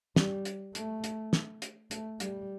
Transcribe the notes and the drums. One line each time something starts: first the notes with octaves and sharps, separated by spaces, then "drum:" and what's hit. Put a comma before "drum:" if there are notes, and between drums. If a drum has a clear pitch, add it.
G3, drum: snare
drum: hi-hat
A3, drum: hi-hat
drum: hi-hat
drum: snare
drum: hi-hat
A3, drum: hi-hat
G3, drum: hi-hat